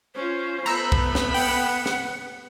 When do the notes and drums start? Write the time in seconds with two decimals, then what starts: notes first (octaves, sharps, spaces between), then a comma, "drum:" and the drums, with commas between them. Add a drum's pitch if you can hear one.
0.15 C#4 F4 C5
0.66 A3 B3 A#5 B5 E6, drum: cymbal
0.92 drum: kick
1.15 drum: snare
1.34 F#5 G5, drum: open hi-hat
1.86 drum: snare